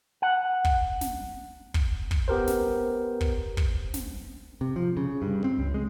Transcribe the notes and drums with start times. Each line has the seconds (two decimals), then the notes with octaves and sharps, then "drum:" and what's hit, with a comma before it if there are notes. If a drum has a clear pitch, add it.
0.22 F#5
0.65 drum: kick
1.01 drum: snare
1.74 drum: kick
2.11 drum: kick
2.28 B3 G4 A#4 C5
2.47 drum: snare
3.21 drum: kick
3.57 drum: kick
3.94 drum: snare
4.61 C3
4.76 F3
4.97 C#3
5.22 G2
5.44 C4
5.59 C#2
5.74 G#3